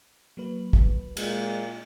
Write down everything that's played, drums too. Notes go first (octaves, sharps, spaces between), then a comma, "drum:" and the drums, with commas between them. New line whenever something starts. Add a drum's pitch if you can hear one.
F#3 A#3 B4
drum: kick
A#2 G#3, drum: cymbal